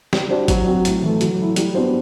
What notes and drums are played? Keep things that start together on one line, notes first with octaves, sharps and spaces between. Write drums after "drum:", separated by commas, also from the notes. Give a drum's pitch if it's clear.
G3, drum: snare
D4 F#4 C5
F#3, drum: kick G#1, hi-hat
C4 F#4
A2, drum: hi-hat
E3 A3
F#3, drum: hi-hat
A3 E4
G3, drum: hi-hat
B3 D4 F#4 C5